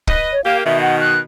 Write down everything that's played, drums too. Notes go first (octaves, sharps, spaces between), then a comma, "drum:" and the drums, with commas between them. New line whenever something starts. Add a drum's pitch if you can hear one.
B4 D#5, drum: kick
C#5
A#3 G4 F5
B2 D#3 E5
F#5
F#6